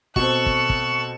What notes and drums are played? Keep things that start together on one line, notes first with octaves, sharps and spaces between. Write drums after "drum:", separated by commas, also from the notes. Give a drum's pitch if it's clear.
B2 C4 A4 C#6 F#6 E7, drum: kick
drum: kick
drum: kick